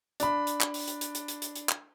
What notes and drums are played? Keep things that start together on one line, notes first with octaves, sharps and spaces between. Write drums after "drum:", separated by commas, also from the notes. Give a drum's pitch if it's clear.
D4 B5, drum: hi-hat
drum: hi-hat
drum: clap
drum: open hi-hat
drum: hi-hat
drum: hi-hat
drum: hi-hat
drum: hi-hat
drum: hi-hat
drum: hi-hat
drum: clap